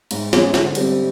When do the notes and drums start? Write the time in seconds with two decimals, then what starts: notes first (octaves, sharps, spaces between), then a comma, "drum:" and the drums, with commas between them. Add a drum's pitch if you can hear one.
0.11 G#2, drum: cymbal
0.33 E3 G#3 C#4, drum: snare
0.54 D3, drum: snare
0.75 G3 C4, drum: cymbal